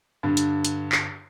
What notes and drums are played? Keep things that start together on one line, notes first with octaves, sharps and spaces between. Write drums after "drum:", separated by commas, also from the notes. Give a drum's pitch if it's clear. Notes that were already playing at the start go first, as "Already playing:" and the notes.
G2 D3
drum: hi-hat
drum: hi-hat
drum: clap